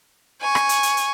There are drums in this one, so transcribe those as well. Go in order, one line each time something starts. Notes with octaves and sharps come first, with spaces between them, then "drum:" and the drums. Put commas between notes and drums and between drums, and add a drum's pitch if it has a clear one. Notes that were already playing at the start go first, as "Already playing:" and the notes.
G#5 C#6
drum: rim click
drum: hi-hat
drum: hi-hat
drum: hi-hat